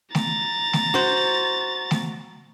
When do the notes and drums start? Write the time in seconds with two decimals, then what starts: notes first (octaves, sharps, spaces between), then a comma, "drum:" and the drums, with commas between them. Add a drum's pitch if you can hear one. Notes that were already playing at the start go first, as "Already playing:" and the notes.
0.15 A#5 A6, drum: snare A3
0.73 drum: snare A3
0.94 F#4 C5
1.91 drum: snare A3